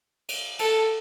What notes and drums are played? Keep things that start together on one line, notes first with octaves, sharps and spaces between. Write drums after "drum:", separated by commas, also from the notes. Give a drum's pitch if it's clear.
drum: cymbal
A4, drum: cymbal